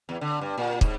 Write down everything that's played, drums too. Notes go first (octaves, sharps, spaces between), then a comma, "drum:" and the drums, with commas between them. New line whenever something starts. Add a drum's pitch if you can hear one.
E2
D3
G2
A#2
G#2, drum: kick